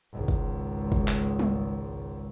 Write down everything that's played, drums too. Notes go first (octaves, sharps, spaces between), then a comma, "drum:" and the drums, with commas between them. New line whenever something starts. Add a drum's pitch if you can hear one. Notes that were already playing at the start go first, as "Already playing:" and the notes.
G#1 C#2
drum: kick
drum: kick
drum: clap
drum: tom G3